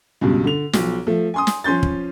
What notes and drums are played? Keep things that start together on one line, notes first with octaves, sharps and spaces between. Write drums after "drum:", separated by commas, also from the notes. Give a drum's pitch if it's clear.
C#2 G2 B2
D3 F7
B1 F3, drum: snare
F3 A3
G#5 C6 D#6
drum: snare
F3 C#4 C6 G6 A6
drum: kick